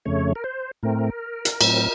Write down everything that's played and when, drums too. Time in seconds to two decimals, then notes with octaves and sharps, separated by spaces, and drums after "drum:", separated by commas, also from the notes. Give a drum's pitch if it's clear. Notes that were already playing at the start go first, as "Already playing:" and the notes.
0.05 F2 C#3 A3 C#5
0.35 A#4
0.44 C5
0.83 A2 A3 C4 A#4
1.45 drum: hi-hat
1.61 A2 F#3 C4, drum: cymbal